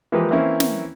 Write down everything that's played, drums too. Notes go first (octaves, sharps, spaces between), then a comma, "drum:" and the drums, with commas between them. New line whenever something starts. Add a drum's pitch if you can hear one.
E3 F3 G#3 A#3 G4 B4
E3 A#3 C4 C#4 E4
drum: snare